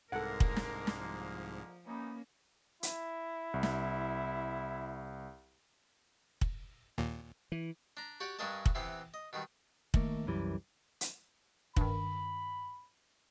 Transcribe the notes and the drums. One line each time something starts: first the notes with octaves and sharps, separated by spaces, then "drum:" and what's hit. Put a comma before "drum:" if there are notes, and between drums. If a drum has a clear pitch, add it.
C2 G#2 D3 G#3 A#3 A4 A#4 F#5
drum: kick
drum: snare
drum: snare
F3
E3 A#3 B3 C#4 D#4
E4, drum: hi-hat
C2
drum: snare
drum: kick
D#2 A#2
E3
D4 A#5
F#4 G4 D5 F#5
G2 C#4 D4 A#4 D#5 A5
drum: kick
C3 E3 B3 C4
D#5
B2 D#3 G3
D#3 A3 A#3, drum: kick
C2 F#2 E3 G3
drum: hi-hat
G2 D#3 B5, drum: kick